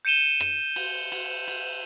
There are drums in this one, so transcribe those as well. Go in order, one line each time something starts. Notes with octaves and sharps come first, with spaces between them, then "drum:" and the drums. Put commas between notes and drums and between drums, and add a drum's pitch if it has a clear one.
G6 C#7 D#7 E7 G7
drum: rim click
drum: cymbal
drum: cymbal
drum: cymbal